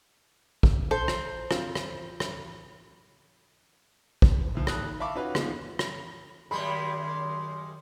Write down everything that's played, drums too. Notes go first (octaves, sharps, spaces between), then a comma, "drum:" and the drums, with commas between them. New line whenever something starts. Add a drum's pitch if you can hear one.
drum: kick
A4 C5
drum: rim click
C4 F4, drum: rim click
drum: rim click
drum: rim click
drum: kick
D2 F3
D#1 G#1 A4 D#6 F#6, drum: rim click
D#3
E5 F5 A5 B5 C#6 D6
C#4 D#4 F4 F#4 B4
F3 G#3 B3 C#4 D#4 F4, drum: rim click
drum: rim click
F#2 D#3 G3 G#3 B5 C6